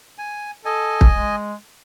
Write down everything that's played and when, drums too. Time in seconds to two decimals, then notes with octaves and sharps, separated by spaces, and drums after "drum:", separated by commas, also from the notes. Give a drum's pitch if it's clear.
0.18 G#5
0.65 A4 D#5 G#5
1.01 drum: kick
1.11 G#3